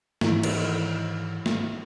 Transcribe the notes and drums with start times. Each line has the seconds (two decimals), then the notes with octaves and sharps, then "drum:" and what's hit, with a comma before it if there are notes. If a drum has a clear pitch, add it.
0.21 G#2 D#3 E3 E4, drum: snare
0.43 drum: cymbal
1.46 drum: snare